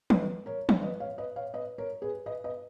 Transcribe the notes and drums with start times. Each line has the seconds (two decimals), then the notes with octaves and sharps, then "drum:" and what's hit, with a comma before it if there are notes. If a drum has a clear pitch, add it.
0.10 B4 D#5, drum: tom
0.46 A#4 C#5
0.69 drum: tom
0.83 B4 D#5
1.00 C#5 F5
1.18 B4 D#5
1.36 C#5 F5
1.54 B4 D#5
1.78 A#4 C#5
2.02 G#4 B4
2.26 B4 D#5
2.44 B4 D#5